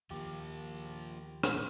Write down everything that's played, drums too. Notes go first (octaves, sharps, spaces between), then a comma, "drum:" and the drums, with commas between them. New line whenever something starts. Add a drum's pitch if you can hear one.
D#2 F3 A#3 G4
drum: rim click